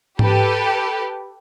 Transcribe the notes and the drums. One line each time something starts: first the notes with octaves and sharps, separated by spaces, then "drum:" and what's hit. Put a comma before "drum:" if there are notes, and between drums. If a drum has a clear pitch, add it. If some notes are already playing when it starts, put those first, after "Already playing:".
G4 A4 B4, drum: tom G#2